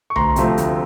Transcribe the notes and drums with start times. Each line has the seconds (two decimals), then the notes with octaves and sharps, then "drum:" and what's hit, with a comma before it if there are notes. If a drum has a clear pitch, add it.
0.10 C#6
0.16 D2 A#5 C6, drum: tom B1
0.36 C3 F3 A3 C4, drum: hi-hat
0.57 D2, drum: hi-hat